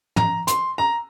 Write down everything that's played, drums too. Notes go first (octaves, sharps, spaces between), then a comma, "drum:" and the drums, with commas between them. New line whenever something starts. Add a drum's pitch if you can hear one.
A#5, drum: tom
C6, drum: hi-hat
A#5